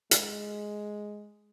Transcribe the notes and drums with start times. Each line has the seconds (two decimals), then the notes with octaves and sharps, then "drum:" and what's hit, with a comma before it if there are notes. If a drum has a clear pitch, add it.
0.11 G#3, drum: hi-hat